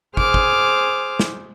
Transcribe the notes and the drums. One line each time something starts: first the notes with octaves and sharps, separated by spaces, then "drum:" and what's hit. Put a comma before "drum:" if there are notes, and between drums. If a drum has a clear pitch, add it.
G#4 C5 D6 F6, drum: kick
drum: kick
drum: snare